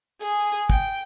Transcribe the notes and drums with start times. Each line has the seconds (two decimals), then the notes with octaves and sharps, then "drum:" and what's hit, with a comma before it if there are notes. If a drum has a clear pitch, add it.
0.21 G#4, drum: hi-hat
0.70 G5, drum: kick